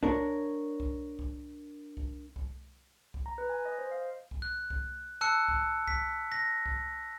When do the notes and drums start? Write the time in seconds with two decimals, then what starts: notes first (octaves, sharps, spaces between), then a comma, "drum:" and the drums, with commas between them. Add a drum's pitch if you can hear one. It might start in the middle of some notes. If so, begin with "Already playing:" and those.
0.03 D4 A#4 C#5, drum: kick C2
0.80 drum: kick C2
1.19 drum: kick C2
1.97 drum: kick C2
2.36 drum: kick C2
3.14 drum: kick C2
3.26 A#5
3.38 B4
3.49 G#5
3.65 D#5
3.78 C5
3.91 F5
4.31 drum: kick C2
4.42 F#6
4.70 drum: kick C2
5.21 A5 E6 F#6 C#7
5.48 drum: kick C2
5.88 B6, drum: kick C2
6.32 A#6
6.66 drum: kick C2